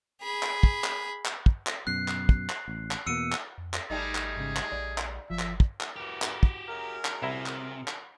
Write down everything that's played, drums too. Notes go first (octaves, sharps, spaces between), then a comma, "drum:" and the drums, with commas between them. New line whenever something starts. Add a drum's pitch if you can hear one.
G#4 B5
drum: clap
drum: kick
drum: clap
drum: clap
drum: kick
drum: clap
F#2 B2 F#6 C7
drum: clap
drum: kick
drum: clap
A1
drum: clap
E2 B2 A#3 E6 C#7 D#7
drum: clap
F2
drum: clap
G#1 G3 A3 D#4 G#4
drum: clap
G#2 C#3
drum: clap
A#1 D5
drum: clap
G1 F3 E5
drum: clap
drum: kick
drum: clap
C#3 E3 F#4 G4 A#4
drum: clap
drum: kick
F#2 G#4 A#4
drum: clap
C2 C3 E4 A#5
drum: clap
drum: clap